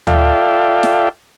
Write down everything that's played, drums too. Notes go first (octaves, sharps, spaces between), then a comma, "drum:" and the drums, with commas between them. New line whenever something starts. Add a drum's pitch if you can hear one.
F4 A4 D5 E5 F5 G5, drum: tom D2
drum: snare